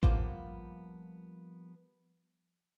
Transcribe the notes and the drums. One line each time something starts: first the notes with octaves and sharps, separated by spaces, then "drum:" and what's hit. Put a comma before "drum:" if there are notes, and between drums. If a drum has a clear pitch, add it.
F3 G3 A#3 B3 F4 C5, drum: kick A1